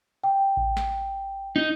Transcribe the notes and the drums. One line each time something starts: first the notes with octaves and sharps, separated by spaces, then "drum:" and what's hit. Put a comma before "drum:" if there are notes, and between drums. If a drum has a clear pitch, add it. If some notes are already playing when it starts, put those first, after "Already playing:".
G5
drum: kick A1
drum: snare
D#4